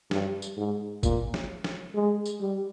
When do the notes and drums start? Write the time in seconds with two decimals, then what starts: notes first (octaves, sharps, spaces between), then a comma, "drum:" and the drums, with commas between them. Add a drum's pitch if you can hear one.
0.11 G2, drum: snare
0.42 drum: tambourine
0.57 G#2
1.03 A#2, drum: kick, tambourine
1.34 drum: snare
1.64 drum: snare
1.95 G#3
2.26 drum: tambourine
2.41 G3